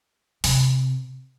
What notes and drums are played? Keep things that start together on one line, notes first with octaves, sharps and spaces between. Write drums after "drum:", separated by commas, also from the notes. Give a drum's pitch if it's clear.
C3, drum: open hi-hat